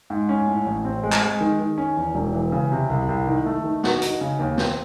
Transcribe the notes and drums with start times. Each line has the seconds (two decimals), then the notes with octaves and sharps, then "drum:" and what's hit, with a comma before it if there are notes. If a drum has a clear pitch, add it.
0.10 G#2
0.29 C#4
0.48 A2
0.66 A1
0.85 C4
1.03 G#3
1.12 drum: clap
1.22 G#3
1.41 D#3
1.59 D#3
1.78 C#4
1.97 E2
2.15 E1
2.34 E3
2.52 C#3
2.72 C3
2.90 C2
3.09 C2
3.27 D#3
3.46 A3
3.64 D#3
3.84 F#4, drum: snare
4.02 D#4, drum: hi-hat
4.21 C#3
4.39 D#2
4.58 C4, drum: snare